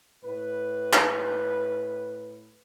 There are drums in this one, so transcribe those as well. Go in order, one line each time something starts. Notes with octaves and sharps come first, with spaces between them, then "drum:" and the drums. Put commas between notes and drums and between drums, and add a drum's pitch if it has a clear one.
A2 B4
drum: clap